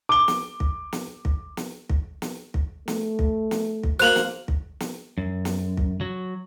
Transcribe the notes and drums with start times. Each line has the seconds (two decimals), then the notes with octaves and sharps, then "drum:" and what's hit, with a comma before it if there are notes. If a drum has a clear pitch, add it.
0.09 D6 G7
0.28 drum: snare
0.60 drum: kick
0.93 drum: snare
1.25 drum: kick
1.57 drum: snare
1.89 drum: kick
2.22 drum: snare
2.54 drum: kick
2.88 A3, drum: snare
3.19 drum: kick
3.51 drum: snare
3.83 drum: kick
4.00 A#3 F#4 C5 F#6 F7 F#7
4.16 drum: snare
4.48 drum: kick
4.80 drum: snare
5.18 F#2
5.45 drum: snare
5.77 drum: kick
6.01 F#3